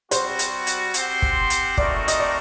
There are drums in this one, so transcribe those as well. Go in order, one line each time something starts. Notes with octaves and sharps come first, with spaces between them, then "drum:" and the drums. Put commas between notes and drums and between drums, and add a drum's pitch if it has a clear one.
G3 C4 F#4 C5, drum: hi-hat
drum: hi-hat
drum: hi-hat
C4 G4 C5 F#5, drum: hi-hat
drum: kick
drum: hi-hat
A3 C4 D#4 F#4 A#4 D5, drum: kick
D#5, drum: hi-hat
D5